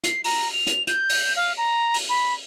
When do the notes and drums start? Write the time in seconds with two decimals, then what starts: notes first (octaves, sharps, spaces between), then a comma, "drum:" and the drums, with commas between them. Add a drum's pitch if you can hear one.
0.04 C7, drum: hi-hat
0.24 A#5, drum: open hi-hat
0.52 F7
0.67 drum: hi-hat
0.87 G6, drum: hi-hat
1.09 drum: open hi-hat
1.36 F5
1.57 A#5
1.94 drum: open hi-hat
2.09 B5